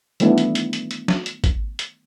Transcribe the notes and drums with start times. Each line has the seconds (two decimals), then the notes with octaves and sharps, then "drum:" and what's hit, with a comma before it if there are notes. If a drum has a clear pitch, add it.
0.20 D#3 E3 G3 A3 B3 D4, drum: hi-hat
0.38 drum: hi-hat
0.55 drum: hi-hat
0.73 drum: hi-hat
0.91 drum: hi-hat
1.08 drum: snare
1.26 drum: hi-hat
1.44 drum: kick G#1, hi-hat
1.79 drum: hi-hat